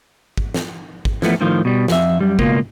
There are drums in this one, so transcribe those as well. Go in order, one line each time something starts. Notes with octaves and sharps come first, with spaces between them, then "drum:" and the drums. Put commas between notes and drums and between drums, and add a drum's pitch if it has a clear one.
drum: kick
drum: snare
drum: kick
E3 F3 A3 B3, drum: snare
A2 D#3 F3 F4
B2 G3
F2 E5, drum: snare
F#2 G3
C#2 B2 A#3 F4, drum: kick